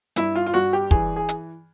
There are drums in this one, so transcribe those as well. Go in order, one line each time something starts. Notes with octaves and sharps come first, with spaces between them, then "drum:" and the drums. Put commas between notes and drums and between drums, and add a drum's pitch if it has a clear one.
G2 E4, drum: hi-hat
F4
F4
G2 F#4
G4
E3 G#4, drum: kick
G#4
drum: hi-hat